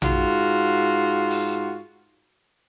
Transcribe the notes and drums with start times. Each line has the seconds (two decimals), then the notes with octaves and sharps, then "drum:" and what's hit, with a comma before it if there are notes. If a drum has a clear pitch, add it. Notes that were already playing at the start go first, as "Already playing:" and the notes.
0.02 G#2 F4 F#4, drum: tom A#1
1.30 drum: open hi-hat